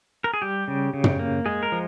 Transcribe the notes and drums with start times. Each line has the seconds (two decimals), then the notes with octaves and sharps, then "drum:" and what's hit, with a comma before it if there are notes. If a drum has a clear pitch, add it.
0.24 A#4
0.34 G#4
0.42 G3 G4
0.68 C#3
0.94 C#3
1.04 drum: tom
1.19 A#3
1.46 G#3 G#4
1.63 A#4
1.72 F3